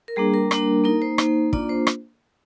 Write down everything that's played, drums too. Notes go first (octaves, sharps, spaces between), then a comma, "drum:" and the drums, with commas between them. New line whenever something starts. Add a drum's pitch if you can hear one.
A#4
G3 A#3 D4 G#4
A#4
G3 A#3 D4, drum: rim click
A#3 D#4 A#4
C5
A#3 D#4, drum: rim click
A#3 D4 F4 D5, drum: kick
C5
drum: rim click